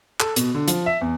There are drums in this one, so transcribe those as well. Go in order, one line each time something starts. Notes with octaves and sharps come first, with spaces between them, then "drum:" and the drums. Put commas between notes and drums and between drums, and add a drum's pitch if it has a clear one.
A4, drum: clap
B2, drum: hi-hat
D3
F3, drum: hi-hat
E5
E2